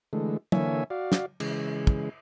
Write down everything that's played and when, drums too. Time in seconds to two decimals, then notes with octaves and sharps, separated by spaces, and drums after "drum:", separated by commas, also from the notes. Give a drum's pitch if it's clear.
0.13 D3 E3 G#3 A3
0.52 D3 E3 A#3 C#5 E5 G#5, drum: tom F#3
0.90 F#4 D5 F5
1.12 drum: snare
1.40 C#3 E3 G#3, drum: cymbal
1.87 drum: kick